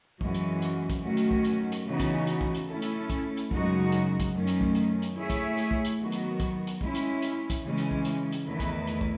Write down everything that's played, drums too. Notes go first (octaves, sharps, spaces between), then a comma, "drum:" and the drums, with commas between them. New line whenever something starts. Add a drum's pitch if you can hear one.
F#2 E3 G#3 C#4 F#4, drum: kick
drum: hi-hat
drum: hi-hat
drum: kick, hi-hat
F#2 D#3 A3 C#4 F#4
drum: hi-hat
drum: kick
drum: hi-hat
drum: hi-hat
C#3 E3 B3 D#4 F#4
drum: kick, hi-hat
drum: hi-hat
drum: kick
drum: hi-hat
A3 C#4 E4 A4
drum: hi-hat
drum: kick, hi-hat
drum: hi-hat
F#2 C#3 G#3 D#4 F#4, drum: kick
drum: hi-hat
drum: kick, hi-hat
F#2 D#3 A3 C#4
drum: hi-hat
drum: kick
drum: hi-hat
drum: hi-hat
A3 E4 G#4 C#5 E5
drum: kick, hi-hat
drum: hi-hat
drum: kick
drum: hi-hat
D#3 F#3 B3 F#4
drum: hi-hat
drum: kick, hi-hat
drum: hi-hat
G#3 C#4 E4, drum: kick
drum: hi-hat
drum: hi-hat
drum: kick, hi-hat
C#3 E3 G#3 C#4
drum: hi-hat
drum: kick
drum: hi-hat
drum: hi-hat
E2 D#3 A3 E4 B4
drum: kick, hi-hat
drum: hi-hat
drum: kick